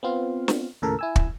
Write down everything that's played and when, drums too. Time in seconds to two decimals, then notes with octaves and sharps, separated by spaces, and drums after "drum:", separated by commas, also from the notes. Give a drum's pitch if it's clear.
0.03 B3 C4 F4 F5
0.48 drum: snare
0.82 D#2 A2 C#3 A4 A#4
0.99 E4 G#5 E6
1.16 drum: kick